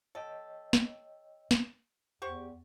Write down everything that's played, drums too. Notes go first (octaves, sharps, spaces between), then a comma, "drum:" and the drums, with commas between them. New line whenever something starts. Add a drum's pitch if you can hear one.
A4 C#5 D#5 G5
drum: snare
drum: snare
E2 G4 C5 F#5 C#6